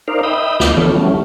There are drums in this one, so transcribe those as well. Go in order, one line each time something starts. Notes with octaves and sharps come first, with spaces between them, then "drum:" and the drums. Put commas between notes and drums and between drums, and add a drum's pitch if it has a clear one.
D#4 A#4 C5 D5 F5
D#5 E5 G5 B5 D#6
D2 D#5 F5 G5 D6 G6, drum: snare
D3 B3 F4 A4 C#5, drum: tom E3
E3 F#3 G3 A3 C#4